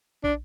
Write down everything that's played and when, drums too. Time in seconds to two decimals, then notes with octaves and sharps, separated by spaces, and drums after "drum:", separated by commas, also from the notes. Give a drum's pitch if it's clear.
0.24 D4, drum: kick